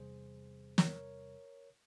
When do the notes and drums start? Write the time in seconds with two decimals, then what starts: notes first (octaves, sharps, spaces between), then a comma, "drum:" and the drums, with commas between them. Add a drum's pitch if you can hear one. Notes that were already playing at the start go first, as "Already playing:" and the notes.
Already playing: E2 C3 G3 G#4 C5
0.78 A#4 C#5, drum: snare